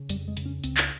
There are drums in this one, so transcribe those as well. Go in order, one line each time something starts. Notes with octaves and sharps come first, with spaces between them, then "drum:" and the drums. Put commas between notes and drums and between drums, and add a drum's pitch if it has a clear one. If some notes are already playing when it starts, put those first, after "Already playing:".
Already playing: C#3
F2 G3, drum: hi-hat
G#3
C#3, drum: hi-hat
C#4
C#2 C4, drum: hi-hat
drum: clap